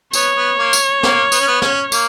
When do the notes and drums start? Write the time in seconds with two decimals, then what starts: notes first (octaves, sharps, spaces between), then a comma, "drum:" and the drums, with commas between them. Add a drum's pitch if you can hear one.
0.13 B3 C#5, drum: tambourine
0.36 B3
0.58 A#3
0.73 drum: tambourine
1.03 A#3, drum: snare
1.32 B3, drum: tambourine
1.41 C#4
1.48 B3
1.62 C#4, drum: snare
1.92 A#3, drum: tambourine